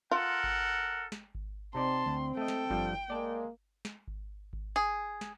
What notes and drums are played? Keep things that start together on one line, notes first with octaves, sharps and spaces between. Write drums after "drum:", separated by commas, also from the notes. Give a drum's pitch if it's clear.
F4 A4 A#4 F#5
drum: kick G#1
drum: snare
drum: kick G#1
C3 C4 D#4 D5 A5 C6
D2
A3 A4 D#5 G5
drum: snare
G2 F3 G3, drum: kick G#1
G#3 A#3 D5 A5
drum: snare
drum: kick G#1
drum: kick G#1
G#4
drum: snare